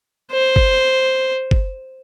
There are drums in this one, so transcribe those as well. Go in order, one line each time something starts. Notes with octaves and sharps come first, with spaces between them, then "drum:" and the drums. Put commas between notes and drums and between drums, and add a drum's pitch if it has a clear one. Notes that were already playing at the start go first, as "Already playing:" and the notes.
C5
drum: kick
drum: kick